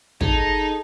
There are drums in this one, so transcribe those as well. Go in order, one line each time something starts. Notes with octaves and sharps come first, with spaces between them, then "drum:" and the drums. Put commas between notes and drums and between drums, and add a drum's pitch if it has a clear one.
D#4 G#4 A4 A5, drum: kick